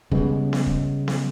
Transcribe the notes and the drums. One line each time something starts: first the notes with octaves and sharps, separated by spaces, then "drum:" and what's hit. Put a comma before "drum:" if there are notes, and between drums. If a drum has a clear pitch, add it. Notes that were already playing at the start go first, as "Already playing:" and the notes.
C#3 G3 G#3 B3, drum: kick
drum: snare B3
drum: kick
drum: snare B3